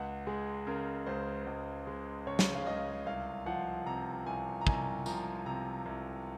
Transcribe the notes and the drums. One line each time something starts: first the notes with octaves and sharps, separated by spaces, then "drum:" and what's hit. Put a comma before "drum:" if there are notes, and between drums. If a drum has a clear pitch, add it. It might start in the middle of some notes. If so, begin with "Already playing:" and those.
Already playing: C#2 F#5
G#3 G#4
C#3 A#4
C#2 C5
C#2
G#3
C#3 C#5
drum: snare
F5
C#2 D#5
C2 F5
F3 F#5
C3 A#5
C2 G#5
A#5
C2 G#5, drum: kick
F3 A#5, drum: tambourine
C3 A#5
C2